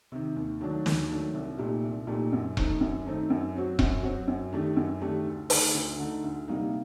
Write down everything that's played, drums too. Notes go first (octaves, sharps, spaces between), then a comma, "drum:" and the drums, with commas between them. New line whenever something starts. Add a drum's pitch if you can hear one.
C3 D#3
D#2
D#3 F#3 A3 D4
D#2, drum: snare
D#3 F#3 A3 D4
C2
A#2 A3 D#4 G4
C2
A#2 A3 D#4 G4
F#2
D#3 A3 C4 D#4, drum: kick E1
F#2
D#3 A3 C4 D#4
F#2
F#3 C4 F#4
F#2, drum: kick E1
F#3 C4 F#4
F#2
D#3 A3 D4 G4
F#2
D#3 A3 D4 G4
D2
D3 A3 D#4, drum: open hi-hat
D2
D3 A3 D#4
D2
C3 G3 A#3 D#4